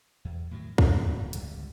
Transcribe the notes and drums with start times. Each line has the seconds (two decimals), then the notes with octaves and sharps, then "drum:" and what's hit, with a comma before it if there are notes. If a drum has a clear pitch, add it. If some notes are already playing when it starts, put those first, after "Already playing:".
0.25 E2
0.51 A2 D#3 E3 F#3
0.78 B2 B3, drum: kick
1.15 D1
1.33 G#1 C#2 D3 G3, drum: hi-hat